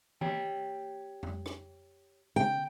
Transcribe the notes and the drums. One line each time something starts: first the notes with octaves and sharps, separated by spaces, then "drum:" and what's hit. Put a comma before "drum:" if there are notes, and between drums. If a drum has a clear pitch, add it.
G4 C#5 G5, drum: tom E3
drum: tom F2
drum: rim click
C#3 G5